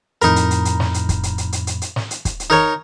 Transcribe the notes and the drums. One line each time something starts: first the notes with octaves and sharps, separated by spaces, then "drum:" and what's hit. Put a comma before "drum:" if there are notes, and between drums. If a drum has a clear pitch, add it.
F2 A2 D#4 A#4 B5, drum: hi-hat
drum: hi-hat
drum: hi-hat
drum: hi-hat
drum: snare
drum: hi-hat
drum: kick, hi-hat
drum: hi-hat
drum: hi-hat
drum: hi-hat
drum: hi-hat
drum: hi-hat
drum: snare
drum: hi-hat
drum: kick, hi-hat
drum: hi-hat
D#4 A#4 C#5